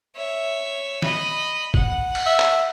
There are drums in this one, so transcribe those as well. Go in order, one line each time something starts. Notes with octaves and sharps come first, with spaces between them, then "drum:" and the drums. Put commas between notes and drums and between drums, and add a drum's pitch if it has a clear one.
C#5 E5
D#5 B5, drum: snare
F#5, drum: kick
drum: cymbal
E5
drum: clap